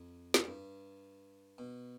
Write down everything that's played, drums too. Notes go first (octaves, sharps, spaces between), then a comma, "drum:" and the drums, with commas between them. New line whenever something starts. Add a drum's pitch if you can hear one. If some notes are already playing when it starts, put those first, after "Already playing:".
Already playing: F2
drum: snare
G2
B2